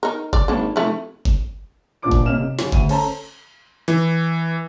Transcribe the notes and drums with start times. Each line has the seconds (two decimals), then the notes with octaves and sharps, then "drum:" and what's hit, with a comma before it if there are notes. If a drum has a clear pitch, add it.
0.03 D#4 A#4
0.33 D5, drum: kick F#1
0.48 G#1 A#3 D4
0.76 F1 A3 E4
1.25 drum: kick F#1
2.02 D#1 A#2 D4 D5 D6 D7
2.11 drum: kick F#1
2.26 C3 A#3 C#4 D#5 F6 E7
2.40 C3
2.59 C#3 F#3, drum: snare
2.72 D2 D#7, drum: kick F#1
2.89 C#4 A4 C5 A5 A#5, drum: cymbal
3.88 E3, drum: hi-hat